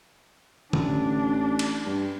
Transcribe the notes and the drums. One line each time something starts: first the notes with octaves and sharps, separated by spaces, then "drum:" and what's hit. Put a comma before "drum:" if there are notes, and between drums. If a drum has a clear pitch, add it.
A1 D4, drum: tom
drum: cymbal
G2